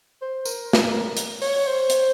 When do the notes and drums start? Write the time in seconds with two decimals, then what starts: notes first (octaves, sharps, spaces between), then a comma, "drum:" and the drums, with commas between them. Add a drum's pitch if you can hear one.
0.22 C5
0.45 A#4, drum: tambourine
0.73 drum: snare
1.17 drum: hi-hat
1.42 C#5, drum: open hi-hat
1.67 C5
1.90 drum: hi-hat